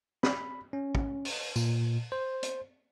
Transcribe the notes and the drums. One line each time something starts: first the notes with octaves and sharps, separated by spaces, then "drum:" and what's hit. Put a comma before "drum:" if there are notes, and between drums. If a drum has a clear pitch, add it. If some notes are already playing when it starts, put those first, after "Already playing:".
B5, drum: snare
C#4
drum: kick
drum: open hi-hat
A#2, drum: tambourine
C5
drum: hi-hat